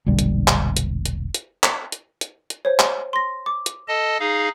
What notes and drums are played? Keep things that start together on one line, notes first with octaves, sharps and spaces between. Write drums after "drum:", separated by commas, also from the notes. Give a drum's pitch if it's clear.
E1 A#1 D3 G3
drum: hi-hat
drum: clap
drum: hi-hat
drum: hi-hat
drum: hi-hat
drum: clap
drum: hi-hat
drum: hi-hat
drum: hi-hat
C5 C#5
drum: clap
C6 A#6
D6
drum: hi-hat
A4 D#5 A5
D#4 G#4 F5